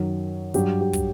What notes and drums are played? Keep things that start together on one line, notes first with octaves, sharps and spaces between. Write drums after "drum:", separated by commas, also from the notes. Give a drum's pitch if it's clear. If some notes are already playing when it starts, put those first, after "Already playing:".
Already playing: F#2 D#3 F#3
G2 F#3 G4, drum: hi-hat
G4
drum: kick, hi-hat